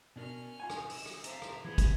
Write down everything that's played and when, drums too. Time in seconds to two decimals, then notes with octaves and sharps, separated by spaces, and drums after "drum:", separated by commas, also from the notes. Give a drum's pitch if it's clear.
0.16 B2 C#4 D4 A#4 F6
0.60 F4 F#5 G#5
0.70 drum: rim click
0.90 E6, drum: open hi-hat
1.06 drum: rim click
1.24 C5 E5 F5 A5 A#5, drum: hi-hat
1.42 drum: rim click
1.65 E3 B3 D#4 E4 G#4 G#6
1.78 drum: kick, hi-hat